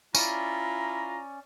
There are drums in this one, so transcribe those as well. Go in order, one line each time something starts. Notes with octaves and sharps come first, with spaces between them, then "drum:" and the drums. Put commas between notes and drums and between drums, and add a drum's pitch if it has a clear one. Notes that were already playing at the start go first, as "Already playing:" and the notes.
C#4 E4 F4 D5 A#5, drum: tambourine